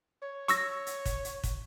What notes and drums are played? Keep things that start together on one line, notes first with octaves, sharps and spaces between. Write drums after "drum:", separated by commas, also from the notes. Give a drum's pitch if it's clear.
C#5
C#6 E6 A#6, drum: hi-hat
drum: hi-hat
drum: kick, hi-hat
drum: hi-hat
drum: kick, hi-hat